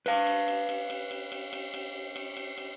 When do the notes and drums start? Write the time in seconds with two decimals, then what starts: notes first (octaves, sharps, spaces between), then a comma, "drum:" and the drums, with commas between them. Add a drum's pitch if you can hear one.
0.06 B4 F5, drum: cymbal
0.27 drum: cymbal
0.48 drum: cymbal
0.69 drum: cymbal
0.90 drum: cymbal
1.11 drum: cymbal
1.32 drum: cymbal
1.53 drum: cymbal
1.74 drum: cymbal
2.16 drum: cymbal
2.37 drum: cymbal
2.58 drum: cymbal